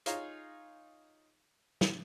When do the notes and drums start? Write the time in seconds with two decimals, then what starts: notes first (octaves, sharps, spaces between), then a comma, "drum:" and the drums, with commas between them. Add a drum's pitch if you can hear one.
0.06 D#4 F4 G#4 C#5 F5 A#5, drum: hi-hat
1.81 drum: snare